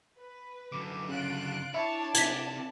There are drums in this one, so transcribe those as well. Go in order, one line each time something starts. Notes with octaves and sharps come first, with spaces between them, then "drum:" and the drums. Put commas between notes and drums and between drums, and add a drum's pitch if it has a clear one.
B4
F#2 D3 D6
C#3 F4 F#6 D7
D4 E4 C#5 D5 A5
C3 G#6 B6, drum: hi-hat